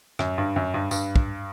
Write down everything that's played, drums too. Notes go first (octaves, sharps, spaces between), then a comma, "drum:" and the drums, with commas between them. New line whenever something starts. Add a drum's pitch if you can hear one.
F#2, drum: rim click
G2
F#2
G2
G2, drum: tambourine
drum: kick